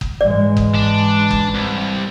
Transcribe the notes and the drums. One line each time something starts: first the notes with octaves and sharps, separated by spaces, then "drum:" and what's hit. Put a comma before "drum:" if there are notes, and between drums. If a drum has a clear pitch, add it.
drum: kick F#1
G#2 E3 G#3 D5
drum: kick F#1
D4
drum: kick F#1
C2